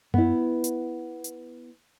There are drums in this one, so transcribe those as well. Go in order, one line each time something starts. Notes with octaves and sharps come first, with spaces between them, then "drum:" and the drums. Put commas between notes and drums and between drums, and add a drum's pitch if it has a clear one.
B3 E4, drum: tom F#2
drum: hi-hat
drum: hi-hat